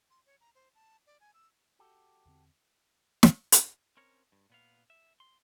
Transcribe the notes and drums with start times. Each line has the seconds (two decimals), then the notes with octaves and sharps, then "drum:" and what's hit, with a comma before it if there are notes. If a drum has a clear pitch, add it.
0.10 C6
0.26 C#5
0.40 A#5
0.55 C5
0.75 A5
1.06 D5
1.20 G#5
1.34 E6
1.79 F#4 G4 A4
2.25 E2 D3 C4
3.23 drum: snare
3.52 drum: hi-hat
3.97 C4 C#4 A#4 C#5
4.32 G2
4.50 A#2 B3 F5
4.90 E5
5.20 C6